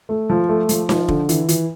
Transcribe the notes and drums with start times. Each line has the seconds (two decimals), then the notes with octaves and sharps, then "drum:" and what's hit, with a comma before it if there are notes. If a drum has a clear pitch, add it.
0.09 A3
0.30 F3
0.49 A3
0.69 F3, drum: hi-hat
0.89 F3, drum: snare D#4
1.08 D3, drum: kick
1.29 E3, drum: hi-hat
1.49 E3, drum: hi-hat